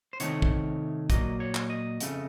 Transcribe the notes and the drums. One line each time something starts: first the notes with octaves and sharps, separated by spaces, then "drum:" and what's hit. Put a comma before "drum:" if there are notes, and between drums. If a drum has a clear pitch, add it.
C5
C3 D#3 A3 C#5, drum: hi-hat
drum: kick
A#2 F#3 A#3 D#5, drum: kick, hi-hat
C#5
drum: clap
D#5
F2 C#3 A3, drum: hi-hat